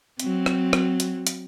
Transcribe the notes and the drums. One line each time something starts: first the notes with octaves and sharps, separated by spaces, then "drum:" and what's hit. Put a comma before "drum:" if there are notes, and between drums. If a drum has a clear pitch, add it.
F#3 C4, drum: hi-hat
drum: rim click
drum: rim click
drum: hi-hat
drum: hi-hat